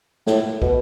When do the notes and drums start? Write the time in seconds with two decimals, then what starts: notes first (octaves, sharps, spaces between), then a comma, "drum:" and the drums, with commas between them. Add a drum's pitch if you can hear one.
0.27 A2, drum: snare
0.62 B2, drum: kick